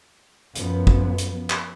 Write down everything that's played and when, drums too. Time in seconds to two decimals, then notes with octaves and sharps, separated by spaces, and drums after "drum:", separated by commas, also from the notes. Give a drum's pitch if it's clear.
0.56 F#2 F3 B3, drum: hi-hat
0.87 drum: kick
1.18 drum: hi-hat
1.50 drum: clap